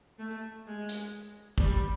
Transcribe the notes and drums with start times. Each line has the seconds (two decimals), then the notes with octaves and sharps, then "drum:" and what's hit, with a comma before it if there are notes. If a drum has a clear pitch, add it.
0.19 A3
0.66 G#3
0.89 drum: hi-hat
1.58 G3, drum: kick